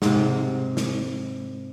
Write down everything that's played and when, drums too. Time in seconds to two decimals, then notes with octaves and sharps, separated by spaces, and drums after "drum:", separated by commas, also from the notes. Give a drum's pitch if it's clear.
0.02 G#2 C3, drum: snare
0.77 drum: snare